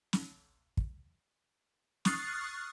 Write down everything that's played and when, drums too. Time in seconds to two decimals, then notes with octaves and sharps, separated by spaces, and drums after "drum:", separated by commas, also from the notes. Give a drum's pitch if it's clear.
0.13 drum: snare
0.77 drum: kick
2.05 C#6 D#6 F6 F#6 A6 C7, drum: snare